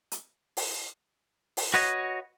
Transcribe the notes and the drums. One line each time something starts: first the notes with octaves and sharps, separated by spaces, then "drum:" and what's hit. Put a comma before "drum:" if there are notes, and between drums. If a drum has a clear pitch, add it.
drum: hi-hat
drum: open hi-hat
drum: open hi-hat
F#4 B4 C#5 D#5